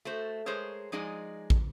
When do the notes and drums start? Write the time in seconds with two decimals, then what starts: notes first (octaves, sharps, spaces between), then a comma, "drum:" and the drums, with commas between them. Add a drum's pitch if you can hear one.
0.05 A3 F#4 C5
0.46 G#3 G#4 A#4 C5 C#5
0.92 F3 G#3 D#4 G#4 D5 D#5
1.50 drum: kick